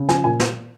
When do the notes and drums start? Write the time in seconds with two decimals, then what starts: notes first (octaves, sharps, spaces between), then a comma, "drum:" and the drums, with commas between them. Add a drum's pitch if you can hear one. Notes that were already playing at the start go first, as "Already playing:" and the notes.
Already playing: C#3
0.09 F3 G#5, drum: snare
0.24 A#2 G#5
0.40 drum: snare